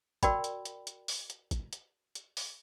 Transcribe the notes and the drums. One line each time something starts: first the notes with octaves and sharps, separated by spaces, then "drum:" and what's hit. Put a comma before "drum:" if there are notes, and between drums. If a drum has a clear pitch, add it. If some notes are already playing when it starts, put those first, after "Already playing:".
F#4 A#4 D5 G5 B5, drum: kick, hi-hat
drum: hi-hat
drum: hi-hat
drum: hi-hat
drum: open hi-hat
drum: hi-hat
drum: kick, hi-hat
drum: hi-hat
drum: hi-hat
drum: open hi-hat